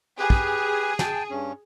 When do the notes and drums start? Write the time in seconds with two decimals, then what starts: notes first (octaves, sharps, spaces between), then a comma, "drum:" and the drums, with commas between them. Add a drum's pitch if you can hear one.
0.19 G4 G#4 B4
0.30 drum: kick
0.99 G5 A5, drum: snare
1.30 G2 C#4